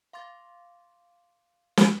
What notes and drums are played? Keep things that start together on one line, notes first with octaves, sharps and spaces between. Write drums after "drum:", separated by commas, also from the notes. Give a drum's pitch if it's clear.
F5 C6 D6 A6
drum: snare